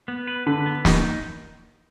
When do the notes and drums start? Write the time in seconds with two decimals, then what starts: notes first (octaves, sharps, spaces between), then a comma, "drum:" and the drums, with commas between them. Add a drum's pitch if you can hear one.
0.08 B3
0.27 B4
0.46 D3 B4
0.66 B3
0.85 D#4, drum: snare